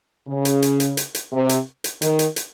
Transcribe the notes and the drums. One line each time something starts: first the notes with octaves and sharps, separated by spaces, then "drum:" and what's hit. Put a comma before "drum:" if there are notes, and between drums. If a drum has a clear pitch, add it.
C#3
drum: hi-hat
drum: hi-hat
drum: hi-hat
drum: hi-hat
drum: hi-hat
C3
drum: hi-hat
drum: hi-hat
D#3, drum: hi-hat
drum: hi-hat
drum: hi-hat